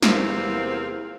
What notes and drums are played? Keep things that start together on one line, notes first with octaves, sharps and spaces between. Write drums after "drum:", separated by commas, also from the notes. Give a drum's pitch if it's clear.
E2 C3 A#3 C4 F4 F5, drum: snare